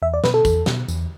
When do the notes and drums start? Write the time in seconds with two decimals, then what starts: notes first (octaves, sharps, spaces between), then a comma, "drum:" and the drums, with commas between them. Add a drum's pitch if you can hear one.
0.02 E2 E5
0.14 D5
0.24 B2 B4, drum: snare
0.34 A4
0.45 E2, drum: kick, tambourine
0.66 B2, drum: snare
0.88 E2, drum: tambourine